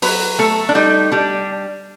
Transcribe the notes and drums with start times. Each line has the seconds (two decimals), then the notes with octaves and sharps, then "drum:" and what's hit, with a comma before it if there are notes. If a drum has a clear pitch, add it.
0.02 F#3 B4, drum: open hi-hat
0.39 A3 A4
0.69 D4
0.75 G3 D#4
1.12 G3 D4